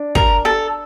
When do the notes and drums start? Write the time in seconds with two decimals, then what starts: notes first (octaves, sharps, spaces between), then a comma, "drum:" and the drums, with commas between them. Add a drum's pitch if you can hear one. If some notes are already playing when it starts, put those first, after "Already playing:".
Already playing: D4
0.15 A#4, drum: kick
0.45 A4